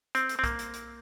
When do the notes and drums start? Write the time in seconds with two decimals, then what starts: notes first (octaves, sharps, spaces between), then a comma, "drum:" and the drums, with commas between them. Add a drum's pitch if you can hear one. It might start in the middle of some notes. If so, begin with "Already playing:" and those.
0.15 C4, drum: hi-hat
0.29 drum: hi-hat
0.39 C4
0.44 A#3, drum: kick B1, hi-hat
0.59 drum: hi-hat
0.74 drum: hi-hat